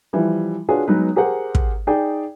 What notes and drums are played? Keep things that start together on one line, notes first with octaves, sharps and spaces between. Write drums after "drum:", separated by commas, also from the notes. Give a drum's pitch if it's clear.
E3 F3 G3
D4 F4 F#4 G#4 B4 C#5
F#3 G#3 B3 D#4 B4
G4 G#4 A#4 C5 F#5
drum: kick
D#4 G#4 D5 G5